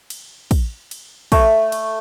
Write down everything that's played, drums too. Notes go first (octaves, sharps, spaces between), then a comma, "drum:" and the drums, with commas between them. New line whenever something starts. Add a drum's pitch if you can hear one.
drum: cymbal
drum: kick, cymbal
drum: cymbal
A3, drum: kick, cymbal
drum: cymbal